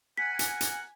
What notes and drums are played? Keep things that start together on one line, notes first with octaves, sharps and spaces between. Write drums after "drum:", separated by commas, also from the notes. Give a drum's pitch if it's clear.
A#4 F#5 G#5 B6
drum: hi-hat
drum: hi-hat